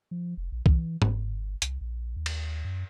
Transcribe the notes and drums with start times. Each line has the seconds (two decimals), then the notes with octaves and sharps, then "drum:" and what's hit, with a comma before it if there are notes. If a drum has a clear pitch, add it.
0.11 F3
0.37 F1
0.52 A#1
0.66 E3, drum: kick C2
1.02 G1, drum: tom G#2
1.62 C2, drum: hi-hat
1.81 A#1
2.17 D#2
2.26 drum: cymbal
2.64 F#2